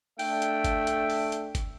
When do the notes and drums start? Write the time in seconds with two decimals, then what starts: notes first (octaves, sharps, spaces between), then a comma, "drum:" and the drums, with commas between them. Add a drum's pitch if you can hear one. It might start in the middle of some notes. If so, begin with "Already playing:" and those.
0.19 A3 D4 E5 G5, drum: open hi-hat
0.42 drum: hi-hat
0.64 drum: kick G1, hi-hat
0.87 drum: hi-hat
1.10 drum: open hi-hat
1.32 drum: hi-hat
1.55 drum: kick G1, hi-hat